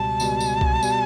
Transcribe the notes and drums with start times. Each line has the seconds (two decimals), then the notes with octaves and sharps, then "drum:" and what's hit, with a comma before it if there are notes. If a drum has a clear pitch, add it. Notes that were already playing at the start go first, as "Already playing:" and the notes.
Already playing: C#2 B2 G3 A5
0.20 C#2 B2 G3, drum: tambourine
0.40 drum: tambourine
0.61 drum: kick C2
0.83 B2 G3 B3, drum: tambourine